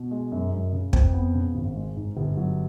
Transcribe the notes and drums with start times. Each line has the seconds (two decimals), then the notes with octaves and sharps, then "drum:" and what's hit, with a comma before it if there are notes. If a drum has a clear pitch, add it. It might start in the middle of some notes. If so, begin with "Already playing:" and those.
Already playing: B2
0.11 G#3
0.32 F#2
0.52 F#2
0.73 C#3
0.93 F2, drum: kick
1.14 B3
1.35 C#3
1.55 G#1
1.75 G#3
1.96 G#2
2.17 G1
2.37 F#3